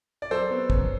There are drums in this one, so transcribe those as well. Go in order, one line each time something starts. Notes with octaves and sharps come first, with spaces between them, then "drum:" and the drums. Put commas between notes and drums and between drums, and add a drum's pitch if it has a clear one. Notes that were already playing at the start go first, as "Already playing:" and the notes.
D5
F#3 A4 C5
B3
F#2, drum: kick